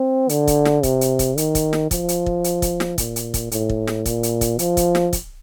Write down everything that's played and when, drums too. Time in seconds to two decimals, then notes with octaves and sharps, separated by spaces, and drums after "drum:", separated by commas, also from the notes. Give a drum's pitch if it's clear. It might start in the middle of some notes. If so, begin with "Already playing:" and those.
Already playing: C4
0.29 D3, drum: hi-hat
0.47 drum: kick, hi-hat
0.65 drum: snare
0.83 C3, drum: kick, hi-hat
1.01 drum: hi-hat
1.19 drum: kick, hi-hat
1.38 D#3, drum: hi-hat
1.55 drum: kick, hi-hat
1.73 drum: snare
1.91 F3, drum: kick, hi-hat
2.08 drum: hi-hat
2.26 drum: kick
2.44 drum: hi-hat
2.62 drum: kick, hi-hat
2.80 drum: snare
2.98 A#2, drum: kick, hi-hat
3.16 drum: hi-hat
3.34 drum: kick, hi-hat
3.52 A2, drum: hi-hat
3.70 drum: kick
3.87 drum: snare
4.06 A#2, drum: kick, hi-hat
4.23 drum: hi-hat
4.41 drum: kick, hi-hat
4.59 F3, drum: hi-hat
4.77 drum: kick, hi-hat
4.95 drum: snare
5.13 drum: kick, hi-hat